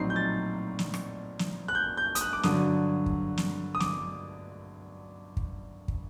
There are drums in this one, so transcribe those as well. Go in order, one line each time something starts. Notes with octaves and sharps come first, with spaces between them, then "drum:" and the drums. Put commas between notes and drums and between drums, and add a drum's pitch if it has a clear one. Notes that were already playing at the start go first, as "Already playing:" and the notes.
Already playing: A#1 A2 F#3 C4 D#4 C7
G6
A6
drum: snare
drum: rim click
drum: snare
F#6
G6
G6
D#6, drum: hi-hat
F#6
D6
G2 D3 F#3 D#6, drum: snare
drum: kick
drum: snare
D#6
D6, drum: snare
drum: kick
drum: kick